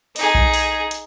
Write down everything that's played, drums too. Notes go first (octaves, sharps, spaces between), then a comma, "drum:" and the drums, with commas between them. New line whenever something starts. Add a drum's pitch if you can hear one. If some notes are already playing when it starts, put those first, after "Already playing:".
D#4 G#4, drum: open hi-hat
drum: kick B1
drum: open hi-hat
drum: hi-hat